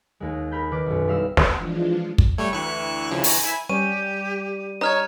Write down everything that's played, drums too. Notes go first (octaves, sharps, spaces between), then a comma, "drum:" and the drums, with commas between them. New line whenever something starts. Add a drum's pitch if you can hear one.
D#2 G#3
A#4 B5 G6
D#3 B4 D6
B1 F#2
G3 D#4 E4 F5 E6
drum: snare
E3 F3 G#3 D4 F4
drum: kick
G3 A3 C#5
D2 E3 C#6 F#6
C#3 F3
G#5 A#5, drum: open hi-hat
E4 G#5
G3 C#4 G4 D#7
D#4 C#5 A#5 F6 G#6